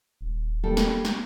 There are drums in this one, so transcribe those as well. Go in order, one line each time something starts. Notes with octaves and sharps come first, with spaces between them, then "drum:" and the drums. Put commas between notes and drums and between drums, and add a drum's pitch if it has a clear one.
D#1
G3 A#3 A4
drum: snare
drum: snare